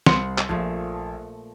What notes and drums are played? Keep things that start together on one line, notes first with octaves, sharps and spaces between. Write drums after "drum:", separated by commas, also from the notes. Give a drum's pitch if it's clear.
C2 C5 C6 E6 C#7, drum: snare
drum: clap
A#1 A#2 F3 A3